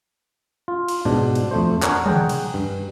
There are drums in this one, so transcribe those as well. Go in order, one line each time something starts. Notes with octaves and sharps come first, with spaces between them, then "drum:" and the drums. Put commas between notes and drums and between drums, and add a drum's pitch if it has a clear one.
F4
drum: cymbal
G#2 B2 D4
drum: cymbal
F2 A3 C5
D4 A#4 C#5 F#5 G#5, drum: clap
G#4 F#5 G5 A#5, drum: tom
drum: cymbal
G2